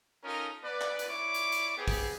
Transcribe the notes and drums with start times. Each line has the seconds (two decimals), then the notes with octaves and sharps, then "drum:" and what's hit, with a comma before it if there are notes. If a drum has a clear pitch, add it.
0.24 C#4 D#4 F4 A4 A#4
0.64 B3 B4 D5
0.81 drum: clap
0.99 drum: hi-hat
1.09 E4 C#5 D5 D6
1.34 drum: hi-hat
1.52 drum: hi-hat
1.77 B3 C4 G4 G#4
1.88 drum: kick, open hi-hat